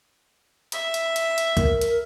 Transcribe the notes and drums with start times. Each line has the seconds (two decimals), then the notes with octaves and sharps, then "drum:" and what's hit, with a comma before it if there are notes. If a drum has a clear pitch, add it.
0.72 E5, drum: hi-hat
0.94 drum: hi-hat
1.16 drum: hi-hat
1.38 drum: hi-hat
1.57 A#4, drum: kick C#2, hi-hat
1.81 drum: hi-hat